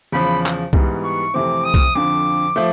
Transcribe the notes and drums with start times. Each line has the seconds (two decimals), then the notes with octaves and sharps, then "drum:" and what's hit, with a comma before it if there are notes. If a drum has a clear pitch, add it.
0.12 E2 C#3 F3 B5
0.46 drum: clap
0.73 G#2 E3 G3 B3, drum: kick C2
1.04 C#6
1.34 F2 C3 E3 A3 C4 D6
1.64 D#6
1.74 drum: kick C2
1.95 F2 D3 F3 D6
2.56 F3 A3